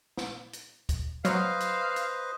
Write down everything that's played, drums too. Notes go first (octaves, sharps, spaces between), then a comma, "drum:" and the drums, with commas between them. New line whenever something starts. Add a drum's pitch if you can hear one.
drum: snare
drum: hi-hat
drum: kick D2, hi-hat
F#3 B4 C5 D#5 F5, drum: hi-hat
drum: hi-hat
drum: hi-hat